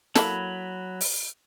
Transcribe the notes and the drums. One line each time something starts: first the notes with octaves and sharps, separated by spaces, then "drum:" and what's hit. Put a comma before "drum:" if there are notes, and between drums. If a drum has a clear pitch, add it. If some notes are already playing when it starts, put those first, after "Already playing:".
F#3 A#3 E4 A4 B5, drum: snare
drum: open hi-hat